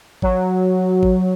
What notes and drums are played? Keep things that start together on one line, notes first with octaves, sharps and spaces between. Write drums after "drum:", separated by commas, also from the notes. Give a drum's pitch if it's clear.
F#3, drum: kick G#1
drum: kick G#1